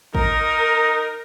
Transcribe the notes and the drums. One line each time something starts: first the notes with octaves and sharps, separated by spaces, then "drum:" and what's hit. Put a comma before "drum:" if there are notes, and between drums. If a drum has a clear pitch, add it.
D#4 A#4, drum: kick A1